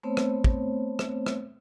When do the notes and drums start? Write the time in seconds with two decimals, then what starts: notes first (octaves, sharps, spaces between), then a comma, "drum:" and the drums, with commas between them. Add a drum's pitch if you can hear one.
0.03 A3 B3 C4 C5 C#5
0.17 drum: rim click
0.44 drum: kick
0.99 drum: rim click
1.26 drum: rim click